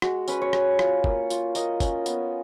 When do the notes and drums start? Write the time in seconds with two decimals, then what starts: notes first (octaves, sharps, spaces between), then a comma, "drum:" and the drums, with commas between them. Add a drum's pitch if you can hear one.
0.02 G#3 F#4, drum: rim click
0.28 C#4 B4, drum: tambourine
0.42 C#5
0.53 C#4, drum: rim click
0.79 F4, drum: rim click
1.04 A#3, drum: kick
1.30 F4, drum: tambourine
1.55 A#3 D#5, drum: tambourine
1.80 C#4, drum: kick, tambourine
2.06 B3, drum: tambourine